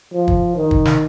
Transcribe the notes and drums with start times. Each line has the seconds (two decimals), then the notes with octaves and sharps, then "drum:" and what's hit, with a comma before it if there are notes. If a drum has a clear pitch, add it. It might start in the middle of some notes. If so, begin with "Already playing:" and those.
0.13 F3
0.28 drum: kick
0.56 D#3
0.71 drum: kick
0.85 drum: snare